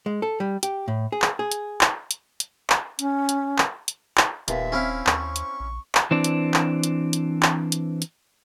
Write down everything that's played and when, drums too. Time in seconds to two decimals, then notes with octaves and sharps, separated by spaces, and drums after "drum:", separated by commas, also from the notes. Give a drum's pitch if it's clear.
0.06 G#3
0.22 A4
0.40 G3
0.63 G4, drum: hi-hat
0.88 A2
1.12 G#4
1.22 drum: clap
1.39 G#4
1.52 drum: hi-hat
1.81 drum: clap
2.11 drum: hi-hat
2.40 drum: hi-hat
2.70 drum: clap
2.99 C#4, drum: hi-hat
3.29 drum: hi-hat
3.58 drum: clap
3.88 drum: hi-hat
4.18 drum: clap
4.48 D#1 D#2 A#2 A#3 B3 E5, drum: hi-hat
4.72 C4 C#4 E4 F5
5.07 D#2 C#6, drum: clap
5.36 drum: hi-hat
5.60 A#1
5.95 drum: clap
6.11 E3 C4 D4
6.24 drum: hi-hat
6.54 drum: clap
6.84 drum: hi-hat
7.13 drum: hi-hat
7.43 drum: clap
7.72 drum: hi-hat
8.02 drum: hi-hat